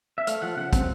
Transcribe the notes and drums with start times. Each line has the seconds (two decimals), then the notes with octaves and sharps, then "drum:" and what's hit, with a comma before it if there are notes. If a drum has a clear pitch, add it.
0.18 E5
0.27 A3 F5, drum: hi-hat
0.42 F3 F#5
0.57 C#3 F#5
0.73 C4, drum: kick, hi-hat